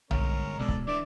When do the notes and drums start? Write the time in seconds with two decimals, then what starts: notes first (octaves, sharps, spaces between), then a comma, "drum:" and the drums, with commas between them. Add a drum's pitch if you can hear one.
0.11 G1 G#2 C#4 A#4 C#5, drum: tom B1
0.59 E1 B2 G#3 D4 A4 D5
0.69 drum: kick C#1
0.87 E3 A3 D4 D5